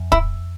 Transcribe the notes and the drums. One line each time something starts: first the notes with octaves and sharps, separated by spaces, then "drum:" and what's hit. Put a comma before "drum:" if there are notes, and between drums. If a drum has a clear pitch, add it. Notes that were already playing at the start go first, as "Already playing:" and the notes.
Already playing: F2
E4, drum: kick